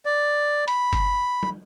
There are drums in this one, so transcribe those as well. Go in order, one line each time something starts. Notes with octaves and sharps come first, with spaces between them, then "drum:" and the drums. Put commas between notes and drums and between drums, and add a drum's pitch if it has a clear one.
D5
B5, drum: hi-hat
drum: kick G1, hi-hat
drum: tom